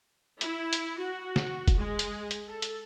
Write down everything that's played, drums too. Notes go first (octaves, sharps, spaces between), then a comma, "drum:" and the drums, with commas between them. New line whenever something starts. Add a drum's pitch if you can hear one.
E4, drum: hi-hat
drum: hi-hat
F#4
drum: snare
drum: kick F1, hi-hat
G#3
drum: hi-hat
drum: hi-hat
A4
drum: hi-hat